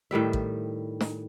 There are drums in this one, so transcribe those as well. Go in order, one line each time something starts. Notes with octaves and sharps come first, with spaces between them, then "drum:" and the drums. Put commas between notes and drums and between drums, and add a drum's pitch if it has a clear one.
A2 D#3 G3 E5
drum: kick
drum: snare